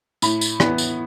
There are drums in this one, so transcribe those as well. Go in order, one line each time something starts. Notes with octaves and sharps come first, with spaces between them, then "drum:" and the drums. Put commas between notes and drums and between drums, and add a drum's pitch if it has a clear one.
A2 B5, drum: tambourine
drum: tambourine
E3 B3, drum: rim click
drum: tambourine